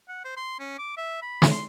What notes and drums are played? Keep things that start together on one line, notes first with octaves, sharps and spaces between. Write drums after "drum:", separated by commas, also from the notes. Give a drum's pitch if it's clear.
F#5
C5
C6
C#4
D6
E5
B5
drum: snare
C6